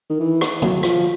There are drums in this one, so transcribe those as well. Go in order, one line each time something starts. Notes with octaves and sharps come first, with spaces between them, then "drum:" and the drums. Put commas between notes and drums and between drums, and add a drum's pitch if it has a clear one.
D#3
E3
drum: rim click
F#3, drum: tom
F3, drum: rim click